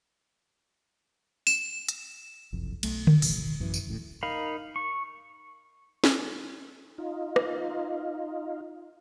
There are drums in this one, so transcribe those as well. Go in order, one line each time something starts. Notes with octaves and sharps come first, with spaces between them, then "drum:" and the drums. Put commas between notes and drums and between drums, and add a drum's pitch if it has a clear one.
E7, drum: tambourine
drum: hi-hat
F#1 C2 F2
B1 A3, drum: cymbal
drum: tom D3
D1 G1 B2, drum: open hi-hat
A1 F#2 E3
drum: tambourine
D1 A1 A2
D#4 A#4 F5 B5
C#6
drum: snare
D#4 F4
drum: rim click